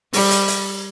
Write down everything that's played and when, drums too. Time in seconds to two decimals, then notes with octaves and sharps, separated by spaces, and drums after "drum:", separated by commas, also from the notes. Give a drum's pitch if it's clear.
0.13 G3, drum: open hi-hat
0.31 drum: hi-hat
0.48 drum: hi-hat